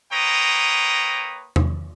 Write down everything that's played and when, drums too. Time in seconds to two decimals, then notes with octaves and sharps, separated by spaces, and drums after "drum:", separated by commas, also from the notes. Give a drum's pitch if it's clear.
0.12 A#3 B4 C#5 G5 A#5 D#6
1.56 drum: tom E2